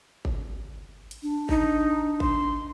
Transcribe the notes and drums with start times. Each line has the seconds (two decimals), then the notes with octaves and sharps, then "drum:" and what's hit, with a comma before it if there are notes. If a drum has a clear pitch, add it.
0.25 drum: kick G1
1.11 drum: hi-hat
1.23 D4
1.49 D#4, drum: kick G1
2.20 C6, drum: kick G1